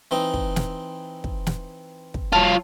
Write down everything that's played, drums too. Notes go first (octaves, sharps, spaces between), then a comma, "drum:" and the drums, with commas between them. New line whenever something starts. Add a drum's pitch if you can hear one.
E3 C4 D#4
drum: kick
drum: snare
drum: kick
drum: snare
drum: kick
F#3 F4 A5